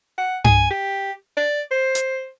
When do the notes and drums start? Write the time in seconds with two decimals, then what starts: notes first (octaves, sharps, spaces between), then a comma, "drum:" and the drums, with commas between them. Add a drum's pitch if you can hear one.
0.18 F#5
0.45 G#5, drum: tom G2
0.70 G4
1.37 D5
1.71 C5
1.95 drum: hi-hat